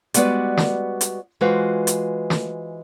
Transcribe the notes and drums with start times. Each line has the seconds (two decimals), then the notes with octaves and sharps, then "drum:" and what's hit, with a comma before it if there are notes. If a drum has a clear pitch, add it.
0.14 G3 G#3 B3 F#4 B4 D5, drum: hi-hat
0.57 drum: snare
1.01 drum: hi-hat
1.41 E3 G#3 F4 F#4 B4 C5
1.87 drum: hi-hat
2.30 drum: snare